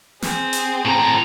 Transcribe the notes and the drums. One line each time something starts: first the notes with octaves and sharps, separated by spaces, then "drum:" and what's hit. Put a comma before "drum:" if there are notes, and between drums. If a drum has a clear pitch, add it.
C4 G#4, drum: snare
drum: hi-hat
A2 A#5